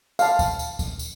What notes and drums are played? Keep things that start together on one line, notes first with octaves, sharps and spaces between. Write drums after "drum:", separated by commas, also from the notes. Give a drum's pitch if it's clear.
F5 A5, drum: tambourine
drum: kick, tambourine
drum: tambourine
drum: kick, tambourine
drum: tambourine